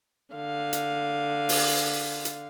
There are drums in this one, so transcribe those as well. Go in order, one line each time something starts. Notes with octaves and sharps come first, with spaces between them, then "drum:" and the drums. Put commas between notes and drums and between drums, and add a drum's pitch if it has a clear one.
D3 F5
drum: hi-hat
drum: open hi-hat
drum: hi-hat